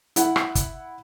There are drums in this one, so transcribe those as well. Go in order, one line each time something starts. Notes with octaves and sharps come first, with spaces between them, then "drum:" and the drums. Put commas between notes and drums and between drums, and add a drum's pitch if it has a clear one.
E4 F#5, drum: hi-hat
drum: rim click
drum: kick, hi-hat